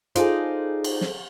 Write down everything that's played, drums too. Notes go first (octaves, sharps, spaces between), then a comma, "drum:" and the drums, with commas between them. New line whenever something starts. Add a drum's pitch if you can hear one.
D#4 F4 G#4 A4 C5 D5, drum: hi-hat
drum: cymbal
drum: snare